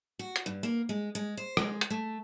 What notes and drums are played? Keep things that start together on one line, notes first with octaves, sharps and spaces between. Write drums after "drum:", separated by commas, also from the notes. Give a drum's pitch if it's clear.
F#4
drum: hi-hat
G2
A#3
G#3
G#3
C5
G#3, drum: rim click
drum: hi-hat
A3